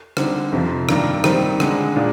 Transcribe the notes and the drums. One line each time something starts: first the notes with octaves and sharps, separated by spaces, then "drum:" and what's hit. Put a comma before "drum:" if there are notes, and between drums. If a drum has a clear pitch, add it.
D3 G3 C4 D#4, drum: rim click
F2 C3 F3
G2 D#3 A#3 D4, drum: rim click
D#3 G3 C4, drum: rim click
D3 G#3 D#4, drum: rim click
A#2 G#3 D4 F4